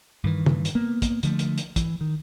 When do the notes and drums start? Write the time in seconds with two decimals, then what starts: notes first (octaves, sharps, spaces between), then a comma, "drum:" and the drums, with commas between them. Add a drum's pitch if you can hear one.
0.24 G2 D#3 E3
0.46 drum: tom
0.65 drum: hi-hat
0.75 A#3 B3
1.02 drum: kick, hi-hat
1.23 D3 F3 A3, drum: hi-hat
1.39 drum: hi-hat
1.58 drum: hi-hat
1.76 E3, drum: kick, hi-hat
2.01 D#3